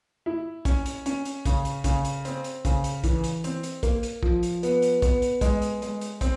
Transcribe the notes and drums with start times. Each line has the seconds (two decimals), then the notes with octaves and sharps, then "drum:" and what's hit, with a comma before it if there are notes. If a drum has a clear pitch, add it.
0.26 E4
0.65 C#4, drum: kick, hi-hat
0.86 drum: hi-hat
1.06 C#4, drum: hi-hat
1.25 drum: hi-hat
1.45 C#3, drum: kick, hi-hat
1.65 drum: hi-hat
1.84 C#3, drum: kick, hi-hat
2.05 drum: hi-hat
2.25 C4, drum: hi-hat
2.44 drum: hi-hat
2.65 C#3, drum: kick, hi-hat
2.84 drum: hi-hat
3.04 E3, drum: kick, hi-hat
3.24 drum: hi-hat
3.44 C4, drum: hi-hat
3.63 drum: hi-hat
3.83 A#3, drum: kick, hi-hat
4.03 drum: hi-hat
4.23 F3, drum: kick
4.43 drum: hi-hat
4.63 B3, drum: hi-hat
4.82 drum: hi-hat
5.02 B3, drum: kick, hi-hat
5.22 drum: hi-hat
5.41 G#3, drum: kick, hi-hat
5.62 drum: hi-hat
5.82 G#3, drum: hi-hat
6.01 drum: hi-hat
6.21 C4, drum: kick, hi-hat